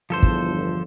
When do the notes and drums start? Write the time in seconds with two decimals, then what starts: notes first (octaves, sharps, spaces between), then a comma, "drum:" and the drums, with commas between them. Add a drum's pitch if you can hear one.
0.10 G1 E2 F3 A4 C5
0.23 drum: kick